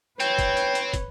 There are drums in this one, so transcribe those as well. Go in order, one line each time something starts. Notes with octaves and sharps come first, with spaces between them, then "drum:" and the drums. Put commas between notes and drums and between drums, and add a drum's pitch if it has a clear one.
C4 B4 C#5 G5, drum: hi-hat
drum: kick, hi-hat
drum: hi-hat
drum: hi-hat
drum: kick, hi-hat